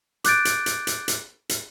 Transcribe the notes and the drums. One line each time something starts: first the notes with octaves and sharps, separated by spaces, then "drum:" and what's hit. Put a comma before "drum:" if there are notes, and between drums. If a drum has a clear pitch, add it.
D6 F#6 G6 A6 D7, drum: hi-hat
drum: hi-hat
drum: hi-hat
drum: hi-hat
drum: hi-hat
drum: hi-hat